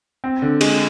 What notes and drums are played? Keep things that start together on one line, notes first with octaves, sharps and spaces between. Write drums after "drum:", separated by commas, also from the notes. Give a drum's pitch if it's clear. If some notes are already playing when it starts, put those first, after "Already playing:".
C4
D3
G#3, drum: cymbal